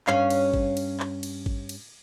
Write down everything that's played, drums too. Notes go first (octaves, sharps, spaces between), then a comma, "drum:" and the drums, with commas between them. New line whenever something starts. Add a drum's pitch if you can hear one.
G2 C#4 F5, drum: clap
drum: cymbal
drum: kick G#1
drum: cymbal
drum: clap
drum: cymbal
drum: kick G#1
drum: cymbal